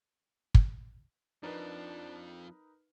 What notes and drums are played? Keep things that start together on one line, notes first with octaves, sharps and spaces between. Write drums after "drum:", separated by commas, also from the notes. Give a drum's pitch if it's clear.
drum: kick
F2 F3 D4 D#4 A#4 B4